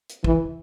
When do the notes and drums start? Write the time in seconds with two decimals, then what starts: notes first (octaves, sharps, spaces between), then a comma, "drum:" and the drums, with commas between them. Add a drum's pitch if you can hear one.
0.10 drum: hi-hat
0.24 E3, drum: kick